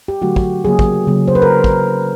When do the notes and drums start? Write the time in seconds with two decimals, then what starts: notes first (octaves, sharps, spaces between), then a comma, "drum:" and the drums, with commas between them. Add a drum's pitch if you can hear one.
0.08 G4
0.22 D3 F#3 A3 F#4
0.36 drum: kick
0.65 C#3 F#3 A#3 G#4
0.79 drum: kick
1.07 C#3 F#3 A#3
1.28 C5
1.35 B4
1.42 A#4
1.64 drum: kick